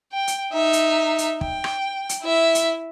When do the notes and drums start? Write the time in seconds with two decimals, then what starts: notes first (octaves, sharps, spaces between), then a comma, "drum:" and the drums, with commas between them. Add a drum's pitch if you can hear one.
0.12 G5
0.27 drum: hi-hat
0.53 D#4 E5
0.73 drum: hi-hat
1.18 drum: hi-hat
1.41 G5, drum: kick
1.64 drum: rim click
2.09 drum: hi-hat
2.22 E4 E5
2.55 drum: hi-hat